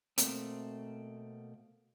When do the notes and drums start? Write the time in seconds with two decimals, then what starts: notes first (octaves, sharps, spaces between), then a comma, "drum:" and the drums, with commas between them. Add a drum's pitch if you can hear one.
0.18 B2 A3 A#3 C4, drum: hi-hat